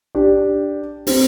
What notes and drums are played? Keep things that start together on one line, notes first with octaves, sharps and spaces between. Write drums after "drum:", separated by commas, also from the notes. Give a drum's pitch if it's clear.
D4 G4
C4, drum: open hi-hat